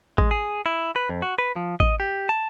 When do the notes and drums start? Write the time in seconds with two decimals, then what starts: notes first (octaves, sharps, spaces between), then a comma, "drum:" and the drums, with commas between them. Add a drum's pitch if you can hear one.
0.18 G#3, drum: kick
0.31 G#4
0.66 E4
0.96 B4
1.09 F2
1.22 F#4
1.39 B4
1.56 F3
1.80 D#5, drum: kick
2.00 G4
2.29 A5